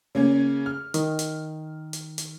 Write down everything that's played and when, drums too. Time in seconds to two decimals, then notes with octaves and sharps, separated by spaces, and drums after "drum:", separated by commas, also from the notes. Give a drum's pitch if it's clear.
0.15 C#3 A#3 C#4
0.66 F6
0.94 D#3, drum: hi-hat
1.19 drum: hi-hat
1.93 drum: hi-hat
2.18 drum: hi-hat